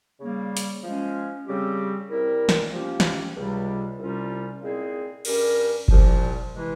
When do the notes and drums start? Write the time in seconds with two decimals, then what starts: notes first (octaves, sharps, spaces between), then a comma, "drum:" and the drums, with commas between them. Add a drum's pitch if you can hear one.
0.20 C#3 G3 A#3
0.57 drum: hi-hat
0.83 F3 G#3 C#4
1.46 C#3 G3 C4 G4
2.09 C3 G3 C4 E4 A#4
2.49 drum: snare
2.72 F3 A#3 C#4 G4
3.00 drum: snare
3.35 C#2 C3 G3
3.98 C2 C3 G3 C#4 F4
4.61 A#2 G#3 C4 E4 G#4
5.25 G2 G3 C#4 G4 A#4, drum: cymbal
5.88 C2 A#2 F3, drum: kick F#1
6.52 C3 E3 G#3 E4